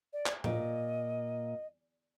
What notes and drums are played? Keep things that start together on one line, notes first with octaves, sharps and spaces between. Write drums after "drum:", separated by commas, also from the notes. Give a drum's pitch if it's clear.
D5
drum: clap
A#2 D#5, drum: tom A2